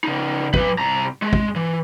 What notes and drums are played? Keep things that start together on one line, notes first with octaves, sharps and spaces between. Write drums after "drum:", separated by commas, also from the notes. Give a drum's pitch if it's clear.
C#3 D#4
F#3 B4, drum: kick
C2 A#5
G#3
drum: kick
E3